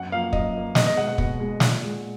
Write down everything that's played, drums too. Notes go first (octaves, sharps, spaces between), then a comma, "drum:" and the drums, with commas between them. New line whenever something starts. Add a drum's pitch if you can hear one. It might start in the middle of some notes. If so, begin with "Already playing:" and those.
Already playing: F#2 F#5
F3 A#3 F5
F#2 D#5, drum: kick
F3 A#3
B2 D#5, drum: snare
D#5
G#3 F#5
F#5
B2, drum: kick
G#3
A#2, drum: snare
G#3